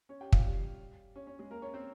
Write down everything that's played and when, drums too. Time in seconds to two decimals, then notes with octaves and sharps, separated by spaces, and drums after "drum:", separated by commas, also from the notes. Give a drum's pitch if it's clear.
0.09 C#4 C#5
0.21 G4 G5
0.33 F4 F5, drum: kick
0.44 G3 G4
1.16 C#4
1.27 C#4
1.39 G#3 G#4
1.51 A#3 A#4
1.62 C#4 C#5
1.74 C4 C5